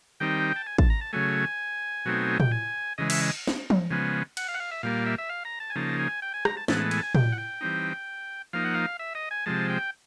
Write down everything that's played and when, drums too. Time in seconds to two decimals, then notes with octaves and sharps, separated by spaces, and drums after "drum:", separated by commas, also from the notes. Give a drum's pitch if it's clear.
0.20 D#3 G3 C4 D#4 G5
0.56 A5
0.66 G#5
0.78 A5, drum: kick
0.90 A#5
1.01 A5
1.13 C#3 F#3 A3 G#5
2.05 B2 F#3 A3 C4 D#4
2.40 G5, drum: tom
2.52 G#5
2.98 C#3 E3 G#3 D#5
3.10 E5, drum: cymbal
3.21 D#5
3.47 drum: snare
3.70 drum: tom
3.91 C#3 F3 G#3 B3
4.37 F#5, drum: cymbal
4.48 F5
4.54 F#5
4.60 F5
4.71 E5
4.83 A#2 G3 A#3 F5
5.06 E5
5.18 E5
5.29 F5
5.45 A#5
5.60 A5
5.70 G#5
5.76 C#3 F3 A#3 D#4 A5
5.99 G#5
6.22 G5
6.34 G#5
6.45 A#5, drum: rim click
6.57 A5
6.68 A2 E3 G#3 B3 A5, drum: snare
6.80 A5
6.91 G#5, drum: cymbal
6.98 A5
7.03 G#5
7.15 G5, drum: tom
7.32 F#5
7.38 G5
7.61 E3 G3 C4 D#4
8.53 F3 A#3 D#4 F5
8.65 F#5
8.74 F5
8.99 E5
9.15 D#5
9.31 G#5
9.46 C3 F3 G#3 A5
9.70 G5